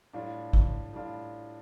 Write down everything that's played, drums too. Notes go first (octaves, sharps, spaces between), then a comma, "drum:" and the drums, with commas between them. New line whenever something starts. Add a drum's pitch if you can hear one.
A2 G3 D4 F4
drum: kick
A2 G3 D4 F4